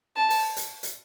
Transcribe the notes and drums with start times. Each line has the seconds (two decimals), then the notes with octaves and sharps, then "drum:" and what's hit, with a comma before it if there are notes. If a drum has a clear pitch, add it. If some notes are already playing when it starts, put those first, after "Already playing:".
0.17 A5
0.30 drum: open hi-hat
0.57 drum: hi-hat
0.83 drum: hi-hat